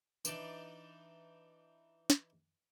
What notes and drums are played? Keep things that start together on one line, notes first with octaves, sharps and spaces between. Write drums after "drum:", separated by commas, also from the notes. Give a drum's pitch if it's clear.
E3 D4 D#4 D5, drum: tambourine
drum: snare